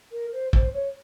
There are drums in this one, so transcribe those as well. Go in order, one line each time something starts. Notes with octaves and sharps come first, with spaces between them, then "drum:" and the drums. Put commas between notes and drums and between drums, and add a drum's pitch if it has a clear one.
A#4
C5
C5, drum: kick
C#5